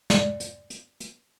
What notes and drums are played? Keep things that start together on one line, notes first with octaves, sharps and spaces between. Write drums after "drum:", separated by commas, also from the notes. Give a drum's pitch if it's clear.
D5, drum: snare
drum: hi-hat
drum: hi-hat
drum: hi-hat